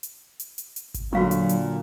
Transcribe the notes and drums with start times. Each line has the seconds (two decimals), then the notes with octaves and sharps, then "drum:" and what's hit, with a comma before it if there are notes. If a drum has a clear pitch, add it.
0.03 drum: hi-hat
0.40 drum: hi-hat
0.58 drum: hi-hat
0.76 drum: hi-hat
0.94 drum: kick G#1, hi-hat
1.13 A#2 D3 F#3 F#4 F5 C#6
1.31 drum: hi-hat
1.49 drum: hi-hat